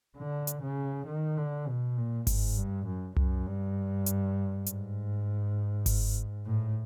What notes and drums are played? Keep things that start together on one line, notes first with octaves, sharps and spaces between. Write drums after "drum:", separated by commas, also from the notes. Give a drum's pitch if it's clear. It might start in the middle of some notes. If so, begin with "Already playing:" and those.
D3
drum: hi-hat
C#3
D#3
D3
B2
A#2
G#2, drum: kick G1, open hi-hat
G2
F#2
F#2, drum: tom C2
G2
drum: hi-hat
G#2, drum: hi-hat
drum: kick G1, open hi-hat
A2